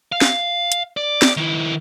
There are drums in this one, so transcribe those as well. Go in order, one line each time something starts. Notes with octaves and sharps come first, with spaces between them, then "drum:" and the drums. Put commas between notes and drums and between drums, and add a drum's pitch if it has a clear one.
F5
drum: snare
drum: hi-hat
D5
drum: snare
D#3 E4